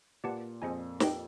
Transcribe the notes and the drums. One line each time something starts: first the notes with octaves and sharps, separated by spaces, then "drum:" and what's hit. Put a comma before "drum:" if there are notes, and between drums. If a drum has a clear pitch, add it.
A#2 G4 B4 D5 F#5 A5
F2 G#4 C5 D#5 G#5
D#4 G4 B4 D#5 G5, drum: snare